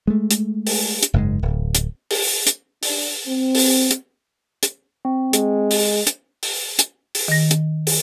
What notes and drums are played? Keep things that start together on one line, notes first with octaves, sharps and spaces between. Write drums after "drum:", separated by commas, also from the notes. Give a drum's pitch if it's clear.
G#3 A3
drum: hi-hat
drum: open hi-hat
drum: hi-hat
F#1 G#2 D#3 G#3
D1
drum: hi-hat
drum: open hi-hat
drum: hi-hat
D4, drum: open hi-hat
C4
drum: open hi-hat
drum: hi-hat
drum: hi-hat
C4
G#3, drum: hi-hat
drum: open hi-hat
drum: hi-hat
drum: open hi-hat
drum: hi-hat
drum: open hi-hat
D#3 A#6
drum: hi-hat
drum: open hi-hat